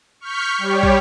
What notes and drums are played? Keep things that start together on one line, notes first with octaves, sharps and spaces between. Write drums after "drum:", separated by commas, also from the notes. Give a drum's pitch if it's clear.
C#6 F6 G6 B6
G3 G4 C#5
drum: kick